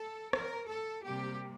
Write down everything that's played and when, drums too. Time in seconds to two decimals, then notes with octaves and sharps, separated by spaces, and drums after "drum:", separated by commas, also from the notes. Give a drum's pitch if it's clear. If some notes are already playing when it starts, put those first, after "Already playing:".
Already playing: A4
0.33 A#4, drum: rim click
0.69 A4
1.05 C3 G3 A#3 G4